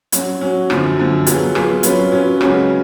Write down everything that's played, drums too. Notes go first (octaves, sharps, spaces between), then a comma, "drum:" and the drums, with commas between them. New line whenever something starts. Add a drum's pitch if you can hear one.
F#3 C#4 F#4, drum: hi-hat
F#3 C#4 F#4
F#2 D3 F3, drum: rim click
F#2 D3 F3
F#3 B3 F4 G#4, drum: hi-hat
F#3 B3 F4 G#4, drum: rim click
F#3 C#4 F4 B4, drum: hi-hat
F#3 C#4 F4 B4
C#3 G#3 C#4 F#4 B4, drum: rim click